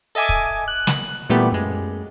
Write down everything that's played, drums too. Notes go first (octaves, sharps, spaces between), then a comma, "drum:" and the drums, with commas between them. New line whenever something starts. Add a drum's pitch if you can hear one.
A4 D#5 E5 G#5 D6
drum: kick
F#6
drum: snare
A#2 E3 G3 A3 B3 G4
F#2 G#3